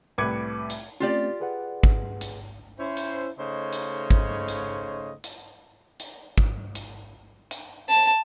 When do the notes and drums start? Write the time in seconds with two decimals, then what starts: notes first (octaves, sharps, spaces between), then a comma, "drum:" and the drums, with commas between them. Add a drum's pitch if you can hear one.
0.18 C2 A2 B4 D6 G#6 C#7
0.70 drum: hi-hat
1.00 A3 C4 C#4 F4 G4 D5
1.40 G#4 B4 F#5
1.83 drum: kick G#1
2.21 drum: hi-hat
2.79 C#4 E4 C5
2.97 drum: hi-hat
3.39 C#3 A3 D#4 C5 C#5 D#5
3.73 drum: hi-hat
4.10 drum: kick G#1
4.48 drum: hi-hat
5.24 drum: hi-hat
6.00 drum: hi-hat
6.38 drum: kick G#1
6.75 drum: hi-hat
7.51 drum: hi-hat
7.89 A5